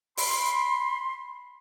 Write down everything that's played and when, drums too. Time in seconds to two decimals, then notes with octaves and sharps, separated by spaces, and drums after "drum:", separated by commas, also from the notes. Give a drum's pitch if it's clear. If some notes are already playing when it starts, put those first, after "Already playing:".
0.17 B5 C6, drum: open hi-hat